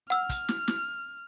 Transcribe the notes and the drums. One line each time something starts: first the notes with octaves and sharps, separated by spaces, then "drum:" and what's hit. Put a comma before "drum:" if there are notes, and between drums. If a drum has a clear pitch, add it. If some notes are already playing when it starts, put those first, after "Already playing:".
F#5 E6 F6
drum: kick, hi-hat
drum: snare
drum: snare